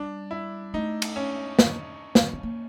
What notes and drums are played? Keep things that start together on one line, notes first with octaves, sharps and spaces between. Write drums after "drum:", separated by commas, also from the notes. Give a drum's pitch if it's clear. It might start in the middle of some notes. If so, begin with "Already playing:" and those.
Already playing: G3 D4
E4
A3 D#4
drum: cymbal
C#4
drum: snare
drum: snare
B3
A#3